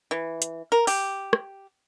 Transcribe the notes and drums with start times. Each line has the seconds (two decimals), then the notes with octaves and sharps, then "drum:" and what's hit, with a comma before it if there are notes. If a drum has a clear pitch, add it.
0.11 E3
0.42 drum: hi-hat
0.72 A#4
0.87 G4, drum: open hi-hat
1.33 drum: rim click